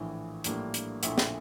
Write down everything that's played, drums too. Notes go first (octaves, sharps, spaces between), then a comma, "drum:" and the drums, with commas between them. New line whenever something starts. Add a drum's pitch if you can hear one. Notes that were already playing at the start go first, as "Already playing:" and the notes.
Already playing: A#1 A2 E3
A#1 A2 G3 A#3 D4, drum: hi-hat
drum: hi-hat
A#1 A#2 A3 E4, drum: hi-hat
drum: snare